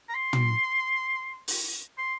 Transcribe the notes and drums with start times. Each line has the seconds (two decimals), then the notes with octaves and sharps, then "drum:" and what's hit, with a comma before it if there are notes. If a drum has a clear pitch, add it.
0.09 A#5
0.14 C6
0.33 drum: tom
1.48 drum: open hi-hat
1.98 C6